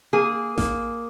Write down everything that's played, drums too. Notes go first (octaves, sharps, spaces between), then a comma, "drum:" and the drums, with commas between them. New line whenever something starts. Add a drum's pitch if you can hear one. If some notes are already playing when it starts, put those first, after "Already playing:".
A#3 G#4
A#3, drum: snare A1